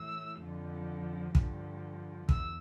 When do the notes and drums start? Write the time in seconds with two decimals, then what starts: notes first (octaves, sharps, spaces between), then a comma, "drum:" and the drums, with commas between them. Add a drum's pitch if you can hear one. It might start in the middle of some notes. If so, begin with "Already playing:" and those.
Already playing: A2 E3 E6
0.40 F2 D3 F3
1.35 G2 D3 F3, drum: kick
2.29 E2 E6, drum: kick